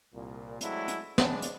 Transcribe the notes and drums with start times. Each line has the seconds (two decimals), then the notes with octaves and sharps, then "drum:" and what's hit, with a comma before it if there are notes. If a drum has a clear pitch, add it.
0.13 C2 A#2
0.61 F#3 G#3 A3 C4 D4 E4, drum: hi-hat
0.88 drum: hi-hat
1.18 E3 G#3 B3 C#4 D4, drum: snare
1.42 drum: hi-hat